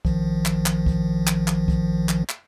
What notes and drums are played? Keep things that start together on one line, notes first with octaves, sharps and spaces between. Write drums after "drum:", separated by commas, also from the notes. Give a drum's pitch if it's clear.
A#1 D#3 F3, drum: kick
drum: clap
drum: clap
drum: kick
drum: clap
drum: clap
drum: kick
drum: clap
drum: clap